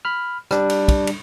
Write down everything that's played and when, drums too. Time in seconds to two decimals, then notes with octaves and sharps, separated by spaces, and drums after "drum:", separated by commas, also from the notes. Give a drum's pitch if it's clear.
0.05 B5 F6
0.51 G3 D4, drum: rim click
0.70 drum: cymbal
0.88 drum: kick, cymbal
1.07 drum: cymbal